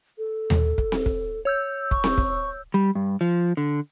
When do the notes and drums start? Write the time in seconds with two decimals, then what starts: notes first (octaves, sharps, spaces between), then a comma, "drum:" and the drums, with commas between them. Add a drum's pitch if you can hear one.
0.18 A4
0.50 drum: tom D#2
0.78 drum: kick
0.92 drum: snare C4
1.06 drum: kick
1.45 C#5 E6 G6
1.91 C#6, drum: kick
2.04 drum: snare C4
2.18 drum: kick
2.74 G3
2.95 G2
3.21 F3
3.57 D3